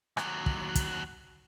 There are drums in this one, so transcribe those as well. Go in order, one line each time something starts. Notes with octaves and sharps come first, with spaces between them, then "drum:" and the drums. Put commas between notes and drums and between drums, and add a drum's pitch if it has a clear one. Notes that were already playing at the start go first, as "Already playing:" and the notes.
D#2 F#3, drum: rim click
drum: kick
drum: kick, hi-hat